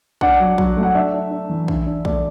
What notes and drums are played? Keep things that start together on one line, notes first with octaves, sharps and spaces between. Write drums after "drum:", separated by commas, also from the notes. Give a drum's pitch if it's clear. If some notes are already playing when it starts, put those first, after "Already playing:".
D4 D5 F#5, drum: kick
F#3
F#3, drum: kick
A3
F#5
D4 E5
D4
D4
E3
D3, drum: kick
D4
A3 D5, drum: kick